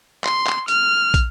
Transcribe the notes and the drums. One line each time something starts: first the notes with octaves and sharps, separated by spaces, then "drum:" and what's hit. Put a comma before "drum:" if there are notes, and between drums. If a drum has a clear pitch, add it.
C6, drum: clap
drum: clap
F6, drum: hi-hat
drum: kick, hi-hat